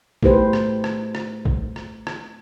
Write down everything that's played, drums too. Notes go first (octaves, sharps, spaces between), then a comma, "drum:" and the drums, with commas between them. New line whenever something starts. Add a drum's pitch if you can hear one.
A3 E4 G4 G#4 B4 C5, drum: kick
drum: rim click
drum: rim click
drum: rim click
drum: kick
drum: rim click
drum: rim click